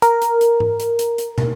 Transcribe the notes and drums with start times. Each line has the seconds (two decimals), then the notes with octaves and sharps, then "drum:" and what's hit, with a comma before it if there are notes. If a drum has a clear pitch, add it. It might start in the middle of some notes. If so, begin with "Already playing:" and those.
0.02 A#4, drum: hi-hat
0.22 drum: hi-hat
0.41 drum: hi-hat
0.60 drum: tom G#2
0.80 drum: hi-hat
0.99 drum: hi-hat
1.18 drum: hi-hat
1.38 drum: tom